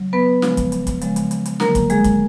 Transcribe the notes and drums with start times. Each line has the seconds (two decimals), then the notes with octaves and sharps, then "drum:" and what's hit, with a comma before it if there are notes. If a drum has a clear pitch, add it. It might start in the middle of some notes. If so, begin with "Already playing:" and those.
Already playing: C#3 F#3
0.13 B3 B4
0.42 C#3 F3 G#3, drum: snare
0.57 drum: kick, hi-hat
0.72 drum: hi-hat
0.87 drum: kick, hi-hat
1.01 C#3 F3 G#3, drum: hi-hat
1.16 drum: hi-hat
1.31 drum: hi-hat
1.46 drum: hi-hat
1.60 D3 F#3 A#3 A#4, drum: snare
1.75 drum: kick, hi-hat
1.90 G#3 G#4, drum: hi-hat
2.04 drum: kick, hi-hat